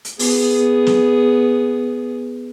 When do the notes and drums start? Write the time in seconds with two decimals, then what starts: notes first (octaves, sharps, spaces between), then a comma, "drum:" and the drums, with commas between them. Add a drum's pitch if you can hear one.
0.05 drum: hi-hat
0.19 B3 G#4, drum: open hi-hat
0.87 drum: snare